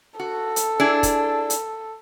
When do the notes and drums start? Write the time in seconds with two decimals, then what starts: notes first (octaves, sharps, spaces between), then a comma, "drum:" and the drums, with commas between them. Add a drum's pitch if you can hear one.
0.19 F#4 A4
0.56 drum: hi-hat
0.80 D4 E4 G#4
1.03 drum: kick, hi-hat
1.50 drum: hi-hat